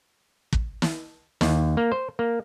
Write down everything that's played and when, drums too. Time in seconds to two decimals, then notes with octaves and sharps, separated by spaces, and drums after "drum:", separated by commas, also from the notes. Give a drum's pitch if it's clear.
0.53 drum: kick
0.82 drum: snare
1.41 D#2, drum: snare
1.77 A#3
1.92 C5
2.19 A#3